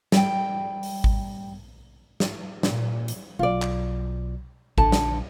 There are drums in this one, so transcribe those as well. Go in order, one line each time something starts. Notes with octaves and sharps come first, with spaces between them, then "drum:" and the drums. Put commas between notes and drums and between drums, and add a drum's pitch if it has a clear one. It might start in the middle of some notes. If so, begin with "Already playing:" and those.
G3 G5, drum: snare
drum: open hi-hat
drum: kick G#1
drum: snare
A#2, drum: snare
drum: hi-hat
B1 F4 D5
drum: clap
A#1 D3 A5, drum: kick G#1
drum: snare